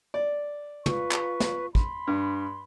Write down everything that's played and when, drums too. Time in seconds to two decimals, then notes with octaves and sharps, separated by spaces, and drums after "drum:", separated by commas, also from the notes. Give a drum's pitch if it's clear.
0.14 D5
0.86 F4 B4 C#6, drum: tom
1.12 drum: clap
1.40 drum: snare
1.75 B5 C6, drum: kick
2.07 G2